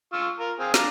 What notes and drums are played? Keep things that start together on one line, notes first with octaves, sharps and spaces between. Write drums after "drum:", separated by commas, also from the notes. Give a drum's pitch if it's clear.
F4 C#6 E6
F4 A#4
C4 G#4 F5
D4 F5 A#5, drum: snare